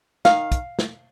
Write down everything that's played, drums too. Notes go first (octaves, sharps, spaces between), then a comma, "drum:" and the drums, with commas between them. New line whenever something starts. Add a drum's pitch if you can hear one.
D#3 F5, drum: snare
drum: kick, hi-hat
drum: snare